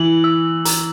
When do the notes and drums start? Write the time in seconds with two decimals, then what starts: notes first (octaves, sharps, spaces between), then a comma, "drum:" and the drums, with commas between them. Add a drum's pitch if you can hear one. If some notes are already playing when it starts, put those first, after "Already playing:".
Already playing: E3 F#7
0.24 E6
0.65 A#5, drum: hi-hat